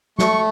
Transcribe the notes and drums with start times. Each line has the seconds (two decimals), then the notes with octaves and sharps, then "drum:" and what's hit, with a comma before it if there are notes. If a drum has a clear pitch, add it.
0.19 A3 C#6, drum: snare